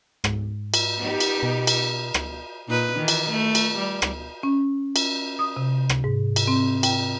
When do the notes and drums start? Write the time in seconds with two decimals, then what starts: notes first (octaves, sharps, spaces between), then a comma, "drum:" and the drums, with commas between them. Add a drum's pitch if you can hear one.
0.24 G#2, drum: rim click
0.74 drum: cymbal
0.99 B3 D#4 G4
1.20 drum: cymbal
1.43 B2
1.67 drum: cymbal
2.14 drum: rim click
2.68 A#2 D#4 B4
2.96 D#3 E3
3.08 drum: cymbal
3.30 A3
3.55 drum: cymbal
3.79 G3
4.02 drum: rim click
4.43 C#4
4.96 drum: cymbal
5.39 D#6
5.56 C3
5.89 drum: rim click
6.04 G#2
6.36 drum: cymbal
6.48 C4
6.83 G5, drum: cymbal